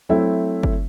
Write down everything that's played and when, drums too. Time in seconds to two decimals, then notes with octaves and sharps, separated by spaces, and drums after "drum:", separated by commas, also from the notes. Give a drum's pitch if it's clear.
0.09 F#3 A3 C4 E4 E5
0.63 drum: kick F#1